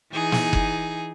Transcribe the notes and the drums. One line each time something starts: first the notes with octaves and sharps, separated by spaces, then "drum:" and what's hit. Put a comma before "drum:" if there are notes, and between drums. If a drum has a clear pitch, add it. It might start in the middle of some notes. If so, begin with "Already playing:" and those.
E3 D#4 G#4
drum: snare
drum: kick F#1